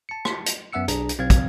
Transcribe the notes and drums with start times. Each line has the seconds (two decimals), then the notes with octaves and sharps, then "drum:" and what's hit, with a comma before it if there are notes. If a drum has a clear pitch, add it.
0.09 A5 C#7
0.25 drum: rim click
0.46 drum: hi-hat
0.73 F#2 B3 E5 F#5 E6 C#7
0.88 B1 D4 G#4 A#5, drum: hi-hat
1.09 drum: hi-hat
1.18 B1 C4 F5 G#6
1.30 drum: kick, hi-hat